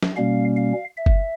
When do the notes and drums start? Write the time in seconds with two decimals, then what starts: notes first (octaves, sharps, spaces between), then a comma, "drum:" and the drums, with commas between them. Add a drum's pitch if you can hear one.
0.03 drum: snare
0.17 B2 G3 A#3 C#4 F5
0.57 F5
0.97 E5
1.06 drum: kick F#1